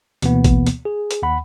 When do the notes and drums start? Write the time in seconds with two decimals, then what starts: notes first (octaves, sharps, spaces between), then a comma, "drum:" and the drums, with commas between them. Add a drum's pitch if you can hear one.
0.22 D2 B2 E3 A#3 B3, drum: hi-hat
0.44 drum: kick A1, hi-hat
0.67 drum: hi-hat
0.85 G#4
1.11 drum: hi-hat
1.22 D#2 F#5 B5